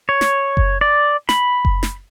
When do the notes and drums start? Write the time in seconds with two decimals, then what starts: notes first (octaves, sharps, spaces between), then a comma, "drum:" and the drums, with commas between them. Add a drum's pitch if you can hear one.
0.09 C#5
0.21 drum: snare
0.57 drum: kick F#1
0.81 D5
1.29 B5, drum: snare
1.65 drum: kick F#1
1.83 drum: snare